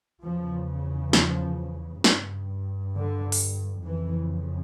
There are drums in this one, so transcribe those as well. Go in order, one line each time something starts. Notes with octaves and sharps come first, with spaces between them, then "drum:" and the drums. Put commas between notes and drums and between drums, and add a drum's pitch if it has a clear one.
E2 C#3 F3
F3, drum: snare
G2, drum: snare
D3
drum: open hi-hat
F2 C#3 E3